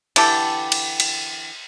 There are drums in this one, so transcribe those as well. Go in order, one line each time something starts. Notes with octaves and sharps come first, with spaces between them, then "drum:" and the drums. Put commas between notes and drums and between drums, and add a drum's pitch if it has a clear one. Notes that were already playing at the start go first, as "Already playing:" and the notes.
D3 E3 G4 A4, drum: cymbal
drum: cymbal
drum: cymbal